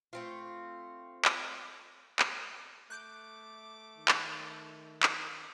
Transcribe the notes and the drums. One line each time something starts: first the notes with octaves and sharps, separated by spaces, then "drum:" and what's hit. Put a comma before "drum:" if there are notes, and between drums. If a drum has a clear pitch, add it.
A3 C4 F4
drum: clap
drum: clap
A3 D6 F#6 G6 D7
D#3
drum: clap
drum: clap